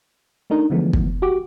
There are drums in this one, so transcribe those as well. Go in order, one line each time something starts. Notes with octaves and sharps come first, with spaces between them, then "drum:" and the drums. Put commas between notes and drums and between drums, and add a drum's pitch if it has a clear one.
A3 D4 D#4 A#4
D3 E3 F3 G#3 A3 B3
drum: kick
F#4 G4 D6